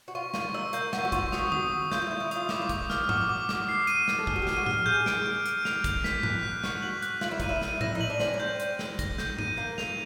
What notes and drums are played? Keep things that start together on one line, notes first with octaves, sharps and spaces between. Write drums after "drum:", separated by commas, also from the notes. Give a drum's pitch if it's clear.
F#4
F4 C#6
F4 C#6, drum: snare
D#4 E6
A#3 G6, drum: hi-hat
B3 C#6, drum: snare
F#4
F4 C#6, drum: kick, hi-hat
F#4 D#6, drum: snare
D#6, drum: tom D#3
D#6
F4 G6, drum: snare
F4
E4
G6
E4
F4 D#6, drum: hi-hat
E4 D6, drum: snare
F4
D6, drum: kick, hi-hat
F6, drum: snare
F#4 D6, drum: tom G#2
D6
D6, drum: snare
C7
D#7, drum: hi-hat
D#7, drum: snare
A4
G#4 F6, drum: kick
F#4
G4
D#7, drum: snare
F#4
G4 F6, drum: tom A2
G#4 G6
D7, drum: snare
G6
D7, drum: hi-hat
F7, drum: snare
G6, drum: kick, hi-hat
B6, drum: snare
F#6, drum: tom G#2
F#6
F#4 F#6, drum: snare
F#7
F#6, drum: hi-hat
F4 F#7, drum: snare
E4
D#4 D#7, drum: kick, hi-hat
E4
D#7, drum: snare
E4 A#6, drum: tom A2
D#4
F#7
D4
C4 C#4 F#7, drum: snare
C#4
C4 G6
G6, drum: hi-hat
G6, drum: snare
A#6, drum: kick, hi-hat
G6, drum: snare
D#7, drum: tom G#2
A#3 G6
F7, drum: snare